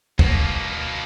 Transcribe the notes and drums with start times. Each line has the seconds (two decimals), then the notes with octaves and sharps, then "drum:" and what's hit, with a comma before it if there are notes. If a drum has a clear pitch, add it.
0.19 B2 A#3, drum: kick